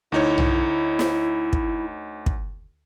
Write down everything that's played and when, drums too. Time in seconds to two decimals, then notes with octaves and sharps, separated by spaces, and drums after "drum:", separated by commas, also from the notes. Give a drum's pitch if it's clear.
0.12 D2 D#4 E4 C#5
0.38 drum: tom B1
0.99 drum: snare
1.53 drum: kick
2.26 drum: kick